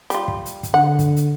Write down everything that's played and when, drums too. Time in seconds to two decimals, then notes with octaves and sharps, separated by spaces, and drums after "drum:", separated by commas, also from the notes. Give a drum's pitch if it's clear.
0.10 G3 F4, drum: hi-hat
0.28 drum: kick
0.46 drum: hi-hat
0.63 drum: kick, hi-hat
0.74 D3 F#5
0.99 drum: kick, hi-hat
1.16 drum: hi-hat